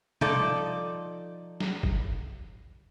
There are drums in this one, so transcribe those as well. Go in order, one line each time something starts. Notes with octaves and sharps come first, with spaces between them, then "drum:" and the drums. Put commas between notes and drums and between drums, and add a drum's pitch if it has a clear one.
F3 D#4 A4 D5, drum: tom
drum: snare
drum: kick